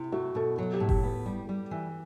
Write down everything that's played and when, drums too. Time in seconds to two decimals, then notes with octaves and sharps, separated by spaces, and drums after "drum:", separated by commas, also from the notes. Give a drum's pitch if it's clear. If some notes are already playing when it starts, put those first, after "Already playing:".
Already playing: C3 E4
0.12 A3 F#4
0.35 B2 A4
0.58 F#3 A4
0.73 G4
0.80 A2
0.89 G4, drum: kick F#1
1.03 B3
1.26 G3
1.49 G3
1.71 E3